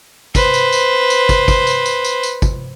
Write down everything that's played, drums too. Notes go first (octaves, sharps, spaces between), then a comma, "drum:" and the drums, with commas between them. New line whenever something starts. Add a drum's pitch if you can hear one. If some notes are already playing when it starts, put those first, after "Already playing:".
B4 C5, drum: kick, tambourine
drum: tambourine
drum: tambourine
drum: tambourine
drum: kick, tambourine
drum: kick, tambourine
drum: tambourine
drum: tambourine
drum: tambourine
drum: tambourine
drum: kick, tambourine